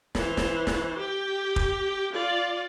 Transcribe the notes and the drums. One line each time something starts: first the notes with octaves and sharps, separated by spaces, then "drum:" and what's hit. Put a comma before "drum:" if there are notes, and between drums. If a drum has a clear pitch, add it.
E3 C5, drum: snare
drum: snare
drum: snare
G4 G5
drum: kick
F4 D5